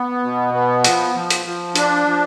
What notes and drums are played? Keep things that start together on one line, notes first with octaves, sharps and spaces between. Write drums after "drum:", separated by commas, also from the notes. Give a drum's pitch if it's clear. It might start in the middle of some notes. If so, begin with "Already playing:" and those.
Already playing: B3
B2
B3
F3, drum: hi-hat
F3
drum: hi-hat
F3
D4, drum: hi-hat
F3